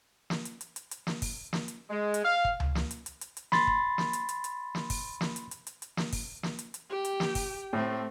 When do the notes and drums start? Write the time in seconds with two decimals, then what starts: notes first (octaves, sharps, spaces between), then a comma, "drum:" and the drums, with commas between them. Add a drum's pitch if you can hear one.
0.30 drum: snare
0.45 drum: hi-hat
0.61 drum: hi-hat
0.76 drum: hi-hat
0.91 drum: hi-hat
1.07 drum: snare
1.22 drum: kick, open hi-hat
1.53 drum: snare
1.68 drum: hi-hat
1.90 G#3
2.14 drum: hi-hat
2.24 F5
2.45 drum: kick
2.60 drum: tom C#2
2.75 drum: snare
2.91 drum: hi-hat
3.06 drum: hi-hat
3.21 drum: hi-hat
3.37 drum: hi-hat
3.52 B5 C6 A6, drum: snare
3.67 drum: kick
3.98 drum: snare
4.13 drum: hi-hat
4.29 drum: hi-hat
4.44 drum: hi-hat
4.75 drum: snare
4.90 drum: kick, open hi-hat
5.21 drum: snare
5.36 drum: hi-hat
5.51 drum: hi-hat
5.67 drum: hi-hat
5.82 drum: hi-hat
5.97 drum: snare
6.13 drum: kick, open hi-hat
6.43 drum: snare
6.59 drum: hi-hat
6.74 drum: hi-hat
6.90 G4 G5
7.05 drum: hi-hat
7.20 drum: snare
7.35 drum: kick, open hi-hat
7.73 A2 A3 C4